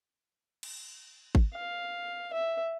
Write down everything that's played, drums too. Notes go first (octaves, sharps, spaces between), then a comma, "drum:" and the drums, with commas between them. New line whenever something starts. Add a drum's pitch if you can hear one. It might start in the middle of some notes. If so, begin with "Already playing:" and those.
drum: cymbal
drum: kick G#1
F5
E5